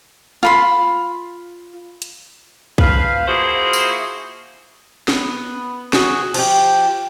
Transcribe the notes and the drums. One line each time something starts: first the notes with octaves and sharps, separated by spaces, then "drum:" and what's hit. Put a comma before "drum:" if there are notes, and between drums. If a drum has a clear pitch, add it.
F4 B5 C6
drum: hi-hat
F3 B4 F5, drum: kick B1
F3 A#3 E4 F#4 G#4 C5
drum: tambourine
B3, drum: snare
F#4 G#4, drum: snare
F3 G4, drum: cymbal